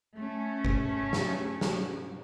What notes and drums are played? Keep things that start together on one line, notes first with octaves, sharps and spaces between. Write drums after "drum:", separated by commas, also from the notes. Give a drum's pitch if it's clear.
A3 C#4
drum: kick G1
drum: snare
drum: snare